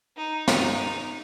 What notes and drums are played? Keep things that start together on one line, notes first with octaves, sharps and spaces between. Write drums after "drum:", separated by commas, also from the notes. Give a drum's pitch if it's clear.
D#4
D#4, drum: snare